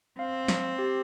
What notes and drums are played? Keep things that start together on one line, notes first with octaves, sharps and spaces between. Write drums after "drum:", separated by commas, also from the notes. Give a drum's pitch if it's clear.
C4 F5
drum: snare
G4